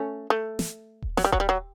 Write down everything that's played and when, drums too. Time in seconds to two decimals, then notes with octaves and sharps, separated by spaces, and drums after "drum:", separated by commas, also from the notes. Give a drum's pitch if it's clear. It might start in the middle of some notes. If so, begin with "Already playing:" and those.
Already playing: A3 C#4
0.30 A3
0.59 drum: snare
1.02 drum: kick D#1
1.17 F#3, drum: snare
1.24 G3
1.32 F#3, drum: kick D#1
1.40 G3
1.49 F#3